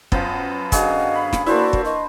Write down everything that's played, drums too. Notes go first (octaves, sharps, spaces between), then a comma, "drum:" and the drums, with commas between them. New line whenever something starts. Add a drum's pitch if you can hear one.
F#2 F3 B3, drum: kick
D3 F#4 G#4 D#5 F5, drum: kick, hi-hat
B5
drum: snare
A#3 E4 F#4 B4 C5 D5 A5
drum: kick
D#5 C#6